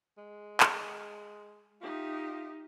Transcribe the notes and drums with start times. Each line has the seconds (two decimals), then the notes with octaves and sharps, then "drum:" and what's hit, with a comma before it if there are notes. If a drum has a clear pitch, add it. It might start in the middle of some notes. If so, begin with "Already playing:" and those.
0.18 G#3
0.60 drum: clap
1.81 D#4 F4 G4 E5